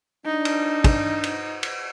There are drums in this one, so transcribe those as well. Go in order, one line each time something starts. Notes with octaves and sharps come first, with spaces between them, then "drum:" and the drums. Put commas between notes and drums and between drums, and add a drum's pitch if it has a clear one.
D4 D#4
drum: cymbal
drum: kick, cymbal
drum: cymbal
drum: cymbal